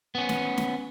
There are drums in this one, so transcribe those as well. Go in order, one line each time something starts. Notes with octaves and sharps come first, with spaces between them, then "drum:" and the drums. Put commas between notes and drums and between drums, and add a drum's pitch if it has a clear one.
B3 C#4
drum: snare
drum: snare